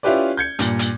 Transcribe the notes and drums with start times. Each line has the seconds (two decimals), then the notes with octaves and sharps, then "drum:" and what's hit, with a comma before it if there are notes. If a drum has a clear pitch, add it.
0.03 C#4 E4 F4 G4 B4 D5
0.37 G6 G#6 C#7
0.59 G2 A#2, drum: hi-hat
0.79 drum: hi-hat